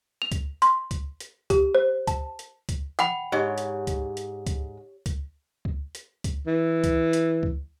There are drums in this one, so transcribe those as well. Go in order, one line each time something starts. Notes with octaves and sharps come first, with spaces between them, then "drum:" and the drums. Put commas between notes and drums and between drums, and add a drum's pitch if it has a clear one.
F7
drum: kick C#2, hi-hat
C6, drum: hi-hat
drum: kick C#2, hi-hat
drum: hi-hat
G4, drum: kick C#2, hi-hat
C5
A5, drum: kick C#2, hi-hat
drum: hi-hat
drum: kick C#2, hi-hat
F#5 G5 B5, drum: hi-hat
G#2 G4 C#5
drum: hi-hat
drum: kick C#2, hi-hat
drum: hi-hat
drum: kick C#2, hi-hat
drum: kick C#2, hi-hat
drum: kick C#2
drum: hi-hat
drum: kick C#2, hi-hat
E3
drum: kick C#2, hi-hat
drum: hi-hat
drum: kick C#2